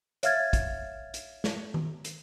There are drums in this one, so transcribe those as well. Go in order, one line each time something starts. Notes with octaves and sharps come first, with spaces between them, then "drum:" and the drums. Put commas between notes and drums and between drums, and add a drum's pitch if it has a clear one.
C#5 E5 F5 F6 G#6 A6, drum: hi-hat
drum: kick, hi-hat
drum: hi-hat
drum: snare
drum: tom D#3
drum: hi-hat